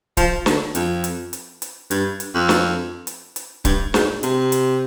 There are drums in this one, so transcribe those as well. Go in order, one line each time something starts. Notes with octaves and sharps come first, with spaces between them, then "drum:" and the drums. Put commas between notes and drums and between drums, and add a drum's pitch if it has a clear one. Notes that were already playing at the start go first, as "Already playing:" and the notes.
F3, drum: kick C#1, hi-hat
D3, drum: snare
F2, drum: hi-hat
drum: hi-hat
drum: hi-hat
drum: hi-hat
G2, drum: hi-hat
drum: hi-hat
F2
drum: snare
drum: hi-hat
drum: hi-hat
G2, drum: kick C#1, hi-hat
G#2, drum: snare
C3, drum: hi-hat
drum: hi-hat